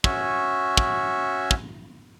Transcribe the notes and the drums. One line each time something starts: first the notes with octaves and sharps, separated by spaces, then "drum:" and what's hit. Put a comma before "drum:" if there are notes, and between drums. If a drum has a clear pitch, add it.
C#4 F#4 E5 G#5, drum: kick
drum: kick
drum: kick